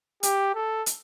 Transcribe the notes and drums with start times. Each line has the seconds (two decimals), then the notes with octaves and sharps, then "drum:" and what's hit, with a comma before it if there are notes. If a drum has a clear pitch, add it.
0.23 G4, drum: hi-hat
0.54 A4
0.86 drum: hi-hat